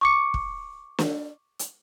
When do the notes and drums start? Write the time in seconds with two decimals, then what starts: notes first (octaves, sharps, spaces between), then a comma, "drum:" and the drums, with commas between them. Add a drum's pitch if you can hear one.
0.01 C#6 D6 C#7
0.34 drum: kick
0.99 drum: snare
1.59 drum: hi-hat